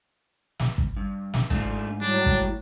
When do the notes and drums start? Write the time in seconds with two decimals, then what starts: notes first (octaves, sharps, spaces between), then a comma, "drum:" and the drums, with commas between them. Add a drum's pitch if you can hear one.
0.59 drum: snare
0.78 drum: kick
0.97 G2
1.34 drum: snare
1.50 G#2 A3 D4 F4, drum: kick
2.01 A2 F#3 G3 D4
2.26 drum: kick